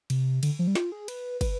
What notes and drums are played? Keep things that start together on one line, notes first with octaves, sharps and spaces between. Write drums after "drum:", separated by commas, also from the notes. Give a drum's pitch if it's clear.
C3, drum: cymbal
D3, drum: cymbal
F3
G3
F4, drum: snare
G#4
B4, drum: cymbal
B4, drum: kick, cymbal